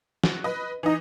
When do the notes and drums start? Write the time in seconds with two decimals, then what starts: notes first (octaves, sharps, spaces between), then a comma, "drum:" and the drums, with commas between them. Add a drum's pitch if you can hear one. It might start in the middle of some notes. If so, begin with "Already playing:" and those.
0.24 F#4, drum: snare
0.44 B4 D#5
0.83 E3 D#4 D#5